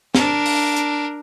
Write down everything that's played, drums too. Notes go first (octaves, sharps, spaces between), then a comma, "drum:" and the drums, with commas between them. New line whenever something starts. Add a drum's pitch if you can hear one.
D4 A#4, drum: snare
drum: open hi-hat
drum: hi-hat